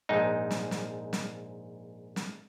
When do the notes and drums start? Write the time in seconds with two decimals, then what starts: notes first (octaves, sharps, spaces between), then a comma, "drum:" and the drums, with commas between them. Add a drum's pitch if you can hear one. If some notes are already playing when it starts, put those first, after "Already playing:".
0.09 A#1 G#2 D#4
0.51 drum: snare
0.71 drum: snare
1.13 drum: snare
2.16 drum: snare